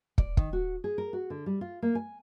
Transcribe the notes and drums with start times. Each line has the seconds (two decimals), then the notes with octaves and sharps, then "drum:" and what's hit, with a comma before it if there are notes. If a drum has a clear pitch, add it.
0.18 D5, drum: kick
0.37 D#3, drum: kick
0.53 F#4
0.84 G#4
0.98 A#4
1.13 F#4
1.30 D3
1.46 G3
1.61 F4
1.82 A#3
1.95 G#5